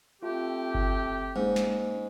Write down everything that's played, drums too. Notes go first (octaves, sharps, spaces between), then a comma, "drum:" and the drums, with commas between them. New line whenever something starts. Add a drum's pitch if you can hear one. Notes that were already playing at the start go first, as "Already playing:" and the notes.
A3 C4 F4 G4
drum: kick G1
G#2 A#3 C#4
drum: snare